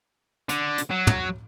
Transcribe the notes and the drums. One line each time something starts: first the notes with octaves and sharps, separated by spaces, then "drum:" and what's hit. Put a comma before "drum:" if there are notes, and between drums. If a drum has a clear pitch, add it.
D3, drum: hi-hat
drum: hi-hat
F#3
drum: tom